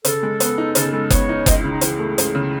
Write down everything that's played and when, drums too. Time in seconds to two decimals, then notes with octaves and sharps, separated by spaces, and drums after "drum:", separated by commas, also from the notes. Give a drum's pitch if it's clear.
0.05 C#3 A4, drum: hi-hat
0.23 G#3
0.40 B3, drum: hi-hat
0.58 D#4
0.75 C#3 A4, drum: hi-hat
0.93 G#3 A4
1.10 B3 C#5, drum: kick F#1, hi-hat
1.29 D#4
1.46 C#2 D#5, drum: kick F#1, hi-hat
1.58 E4
1.64 C#3
1.70 D#4
1.81 E3 G#4, drum: hi-hat
1.99 A3
2.18 C#2, drum: hi-hat
2.35 C#3